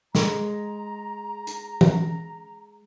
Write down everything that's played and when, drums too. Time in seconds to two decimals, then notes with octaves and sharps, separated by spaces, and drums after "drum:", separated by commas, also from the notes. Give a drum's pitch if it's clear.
0.15 G#3 A#5, drum: snare
1.47 drum: hi-hat
1.81 drum: tom E3